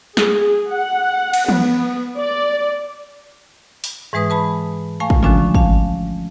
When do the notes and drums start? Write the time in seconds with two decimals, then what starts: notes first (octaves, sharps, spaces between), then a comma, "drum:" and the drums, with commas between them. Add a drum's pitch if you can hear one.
0.17 G#4, drum: snare
0.71 F#5
1.33 drum: cymbal
1.49 B3, drum: tom E3
2.18 D5
3.84 drum: open hi-hat
4.13 G#2 E3 G#3 B4 D#6
4.30 B4 A5 B5
5.00 A3 F5 G#5 C#6
5.10 drum: kick
5.23 D3 F3 G#3 C#4 D4 F4, drum: tom C3
5.55 F5 A5, drum: kick